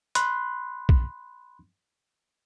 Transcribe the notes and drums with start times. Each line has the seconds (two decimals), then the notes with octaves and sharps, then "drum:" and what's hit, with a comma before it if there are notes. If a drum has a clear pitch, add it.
0.15 B5 C6 F#6, drum: hi-hat
0.89 drum: kick